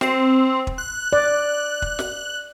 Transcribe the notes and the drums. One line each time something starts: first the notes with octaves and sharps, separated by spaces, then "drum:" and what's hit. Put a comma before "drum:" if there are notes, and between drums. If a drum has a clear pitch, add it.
C4, drum: snare
drum: kick
F#6
D5
drum: kick
drum: snare